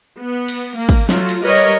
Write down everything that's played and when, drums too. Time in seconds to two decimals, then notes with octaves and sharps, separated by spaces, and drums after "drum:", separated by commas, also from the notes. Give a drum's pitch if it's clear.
0.19 B3
0.49 drum: cymbal
0.77 A#3
0.89 drum: kick, cymbal
1.09 F#3 A3 F4 F#4, drum: snare
1.29 drum: cymbal
1.43 G3 A#4 B4 C#5 D#5